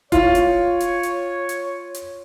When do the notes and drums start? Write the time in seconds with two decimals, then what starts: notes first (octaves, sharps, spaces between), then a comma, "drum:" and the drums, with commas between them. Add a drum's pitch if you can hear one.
0.12 F4 C#5, drum: kick D#1, hi-hat
0.35 drum: hi-hat
0.80 drum: hi-hat
1.03 drum: hi-hat
1.49 drum: hi-hat
1.95 drum: hi-hat